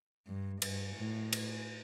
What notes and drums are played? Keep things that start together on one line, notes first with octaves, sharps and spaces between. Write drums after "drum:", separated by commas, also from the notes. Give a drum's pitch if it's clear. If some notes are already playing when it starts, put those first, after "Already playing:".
G2
G2, drum: cymbal
A2
drum: cymbal